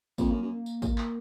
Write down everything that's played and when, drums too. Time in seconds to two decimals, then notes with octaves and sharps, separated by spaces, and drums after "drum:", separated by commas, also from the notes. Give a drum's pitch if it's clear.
0.18 F2 A#3, drum: kick, tambourine
0.31 F#2
0.42 F#2
0.66 drum: tambourine
0.82 drum: kick, tambourine
0.98 drum: clap